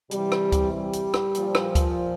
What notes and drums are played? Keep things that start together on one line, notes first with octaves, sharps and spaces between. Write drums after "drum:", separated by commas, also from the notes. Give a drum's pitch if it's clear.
C3 E3 G3, drum: hi-hat
drum: rim click
drum: kick D2, hi-hat
G3
drum: hi-hat
drum: rim click
A#2 F3, drum: hi-hat
drum: rim click
drum: kick D2, hi-hat